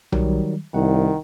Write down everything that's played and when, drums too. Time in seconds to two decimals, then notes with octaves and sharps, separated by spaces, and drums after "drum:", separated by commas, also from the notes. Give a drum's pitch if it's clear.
0.12 D#3 F#3 G3, drum: tom B1
0.74 C2 D#3 F#5